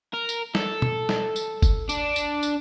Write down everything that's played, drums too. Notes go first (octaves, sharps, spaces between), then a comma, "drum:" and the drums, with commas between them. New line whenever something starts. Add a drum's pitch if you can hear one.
A#4
drum: tambourine
A4, drum: snare
drum: tom
drum: snare
drum: tambourine
drum: kick F#1, tambourine
D4, drum: tambourine
drum: tambourine
drum: tambourine